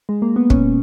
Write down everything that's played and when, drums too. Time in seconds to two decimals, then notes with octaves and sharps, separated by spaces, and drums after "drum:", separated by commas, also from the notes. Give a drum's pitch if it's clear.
0.09 G#3
0.22 A#3
0.36 B3
0.50 A#2 C#4, drum: kick